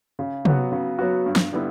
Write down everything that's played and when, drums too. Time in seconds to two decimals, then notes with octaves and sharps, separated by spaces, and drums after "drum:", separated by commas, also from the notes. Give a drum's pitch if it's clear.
0.19 C#3
0.45 F#3 B3 F#4, drum: tom C3
0.72 C#3
0.99 F#3 B3 F#4
1.26 G2
1.36 drum: snare
1.52 D3 G3 B3 E4